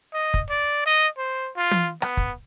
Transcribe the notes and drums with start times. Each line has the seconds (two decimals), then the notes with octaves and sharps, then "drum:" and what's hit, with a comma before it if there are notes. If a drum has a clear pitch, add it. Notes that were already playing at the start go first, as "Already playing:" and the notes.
0.14 D#5
0.34 drum: kick
0.50 D5
0.86 D#5
1.18 C5
1.56 F4
1.71 drum: tom
2.02 B3, drum: rim click
2.17 drum: kick